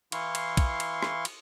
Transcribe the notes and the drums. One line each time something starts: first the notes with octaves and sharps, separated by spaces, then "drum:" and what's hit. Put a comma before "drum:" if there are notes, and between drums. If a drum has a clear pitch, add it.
E3 E4 F5 C6 C#6, drum: cymbal
drum: cymbal
drum: kick, cymbal
drum: cymbal
drum: rim click
drum: cymbal